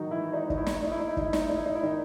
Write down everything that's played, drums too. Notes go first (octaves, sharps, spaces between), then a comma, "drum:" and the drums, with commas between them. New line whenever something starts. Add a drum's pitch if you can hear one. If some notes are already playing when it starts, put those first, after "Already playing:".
Already playing: D#3 F#3 D#4 F#4
E3 E4
D#4
E4
D#4, drum: kick
E4
D#4, drum: snare
E4
D#4
E4
D#4
E4
D#4, drum: kick
E4
D#4, drum: snare
E4
D#4
E4
D#4
E4
D#3 D#4